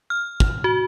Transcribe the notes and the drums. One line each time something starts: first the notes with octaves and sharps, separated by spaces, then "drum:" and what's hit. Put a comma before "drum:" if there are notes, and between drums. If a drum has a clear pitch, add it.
F6
drum: kick
F#4